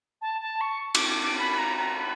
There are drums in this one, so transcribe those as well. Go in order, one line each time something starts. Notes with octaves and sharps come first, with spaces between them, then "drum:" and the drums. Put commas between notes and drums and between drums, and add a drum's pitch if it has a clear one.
A5
A5
C#6
D6, drum: cymbal
D6
D6
B5
A#5
A#5
B5